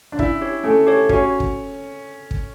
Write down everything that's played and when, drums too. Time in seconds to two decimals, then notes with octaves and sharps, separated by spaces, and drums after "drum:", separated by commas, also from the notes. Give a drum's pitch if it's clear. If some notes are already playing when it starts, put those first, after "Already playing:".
0.12 D4
0.19 C#4 E4, drum: kick
0.41 G4 C#5
0.64 A3 C#4
0.87 G4 C#5
1.09 C#4 F#4, drum: kick
1.40 drum: kick
2.31 drum: kick